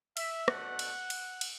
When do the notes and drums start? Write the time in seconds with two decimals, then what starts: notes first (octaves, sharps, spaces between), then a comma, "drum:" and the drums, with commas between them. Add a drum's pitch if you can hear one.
0.17 E5, drum: cymbal
0.48 B2 A3 D4 F#5, drum: rim click
0.79 drum: cymbal
1.10 drum: cymbal
1.41 drum: cymbal